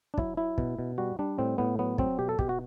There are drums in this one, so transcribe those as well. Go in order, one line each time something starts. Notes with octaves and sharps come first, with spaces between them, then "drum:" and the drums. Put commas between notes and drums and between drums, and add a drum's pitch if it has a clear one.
D4
F#3 E4, drum: kick
F#3 E4
B2, drum: kick
B2
G3 F#4
G3 D4
A2 C4
A2 B3
F#3 B3
F#3 C4, drum: kick
B2 G4
A4
B2 G4, drum: kick
F#4